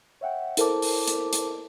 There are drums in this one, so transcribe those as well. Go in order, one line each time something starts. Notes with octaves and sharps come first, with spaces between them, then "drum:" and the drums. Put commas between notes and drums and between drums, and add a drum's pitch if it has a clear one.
C#5 E5 F#5 G5
E4 A4 A#4 C5 A5 D6, drum: hi-hat
drum: open hi-hat
drum: hi-hat
drum: hi-hat